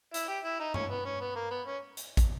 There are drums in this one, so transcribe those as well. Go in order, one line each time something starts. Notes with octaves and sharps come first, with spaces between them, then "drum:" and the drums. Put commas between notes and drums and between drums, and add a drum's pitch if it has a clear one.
E4, drum: hi-hat
G4
E4
D#4
C#4, drum: tom G2
B3
C#4
B3
A#3
B3
C#4
drum: hi-hat
drum: kick, hi-hat